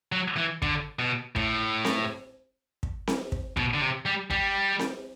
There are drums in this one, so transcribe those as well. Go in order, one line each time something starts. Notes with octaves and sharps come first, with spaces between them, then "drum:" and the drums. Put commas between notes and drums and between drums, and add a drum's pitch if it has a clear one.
F#3
E3
D3, drum: kick
B2
A2, drum: kick
drum: snare C4
drum: kick
drum: snare C4
drum: kick
B2, drum: kick
D3
C3
G3
G3, drum: kick
drum: snare C4